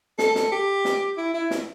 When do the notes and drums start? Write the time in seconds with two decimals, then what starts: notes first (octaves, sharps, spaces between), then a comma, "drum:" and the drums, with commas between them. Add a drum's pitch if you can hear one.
0.19 A4, drum: snare
0.35 drum: snare
0.52 G4
0.85 drum: snare
1.18 E4
1.34 E4
1.51 drum: snare